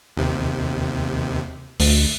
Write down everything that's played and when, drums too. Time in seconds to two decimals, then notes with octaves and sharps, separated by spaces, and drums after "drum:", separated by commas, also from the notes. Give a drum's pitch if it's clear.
0.17 D#2 C3
1.80 D2, drum: open hi-hat